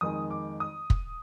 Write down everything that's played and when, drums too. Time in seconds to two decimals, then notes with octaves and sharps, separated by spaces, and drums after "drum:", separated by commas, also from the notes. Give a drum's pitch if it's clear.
0.01 F2 D#3 G#3 D#6
0.31 D6
0.60 D#6
0.90 drum: kick